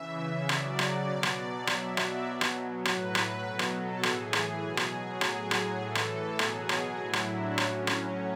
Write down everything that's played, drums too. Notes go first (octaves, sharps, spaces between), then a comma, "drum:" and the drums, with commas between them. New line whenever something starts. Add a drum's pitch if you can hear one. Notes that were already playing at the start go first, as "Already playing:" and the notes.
Already playing: C#3 E3 E5
C#3 F#3 D5, drum: rim click
drum: rim click
B2 F#3
drum: rim click
B2 F#3 E5, drum: rim click
D5, drum: rim click
B2 F#3
drum: rim click
A2 F#3 B4, drum: rim click
drum: rim click
B2 F#3
drum: rim click
A4
A2 E3 G#4, drum: rim click
drum: rim click
B2 F#3 G#4
drum: rim click
A2 F#3 G#4, drum: rim click
drum: rim click
A2 E3 A4
drum: rim click
B2 F#3 G#4, drum: rim click
drum: rim click
A2 F#3 E4
drum: rim click
D4
A2 F#3 C#4, drum: rim click
drum: rim click